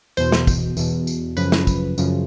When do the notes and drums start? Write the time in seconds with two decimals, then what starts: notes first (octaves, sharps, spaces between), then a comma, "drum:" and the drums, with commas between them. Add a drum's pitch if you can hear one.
0.17 E2 B2 C5, drum: tambourine
0.32 drum: snare
0.47 drum: kick, tambourine
0.77 E2 B2, drum: tambourine
1.07 drum: tambourine
1.37 F#2 C#3 F3 B4, drum: tambourine
1.52 drum: snare
1.67 drum: kick, tambourine
1.98 F#2 C#3 F3, drum: tambourine